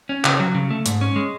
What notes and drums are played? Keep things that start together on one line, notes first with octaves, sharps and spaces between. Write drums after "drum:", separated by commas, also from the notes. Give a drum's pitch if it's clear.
C#4
C#3, drum: clap
F#3
C#3
A3
G#2, drum: hi-hat
C#4
G#3